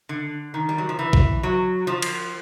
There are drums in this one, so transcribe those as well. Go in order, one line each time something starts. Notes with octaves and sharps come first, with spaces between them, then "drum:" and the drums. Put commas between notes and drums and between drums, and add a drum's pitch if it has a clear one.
D3
D#3
G3
F#3
F3
E3
drum: kick
F#3
F3
drum: cymbal